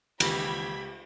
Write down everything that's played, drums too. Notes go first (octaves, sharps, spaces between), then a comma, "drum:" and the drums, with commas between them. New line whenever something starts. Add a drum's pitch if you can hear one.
C#2 D#3 E3 A#3 G4 B5 G#6 B6, drum: cymbal